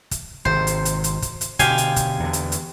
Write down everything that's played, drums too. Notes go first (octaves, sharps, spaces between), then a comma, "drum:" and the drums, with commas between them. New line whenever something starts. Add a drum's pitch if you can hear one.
drum: kick, hi-hat
G#1 C3 C5
drum: hi-hat
drum: hi-hat
drum: hi-hat
drum: kick, hi-hat
drum: hi-hat
B2 D3 G4 F5 G#5, drum: kick, hi-hat
drum: hi-hat
drum: kick, hi-hat
E2 D3
drum: hi-hat
drum: hi-hat